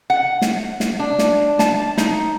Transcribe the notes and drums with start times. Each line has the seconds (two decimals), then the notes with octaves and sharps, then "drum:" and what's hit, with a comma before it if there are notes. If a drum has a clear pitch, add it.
0.10 F#5
0.42 drum: snare
0.80 drum: snare
0.99 D4
1.19 drum: snare
1.59 A5, drum: snare
1.98 D#4, drum: snare